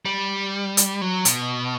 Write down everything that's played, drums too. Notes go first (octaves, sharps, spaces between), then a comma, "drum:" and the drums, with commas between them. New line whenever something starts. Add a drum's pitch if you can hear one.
G3
drum: hi-hat
F#3
B2, drum: hi-hat